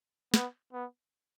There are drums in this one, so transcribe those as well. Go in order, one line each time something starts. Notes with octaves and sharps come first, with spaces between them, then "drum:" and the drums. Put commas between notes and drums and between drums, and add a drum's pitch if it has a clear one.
B3, drum: snare
B3